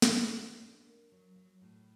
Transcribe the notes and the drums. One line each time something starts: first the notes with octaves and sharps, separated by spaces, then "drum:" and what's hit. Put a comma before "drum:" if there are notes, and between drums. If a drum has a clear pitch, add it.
drum: snare
F#4
F#4
D4
A#3
F#3
F#3
A2